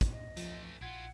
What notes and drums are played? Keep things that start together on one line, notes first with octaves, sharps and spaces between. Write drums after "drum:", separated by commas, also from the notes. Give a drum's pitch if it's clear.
drum: kick, hi-hat
D#5
E3 F3 A3, drum: hi-hat
A#1 E4 F4 F#5 G#6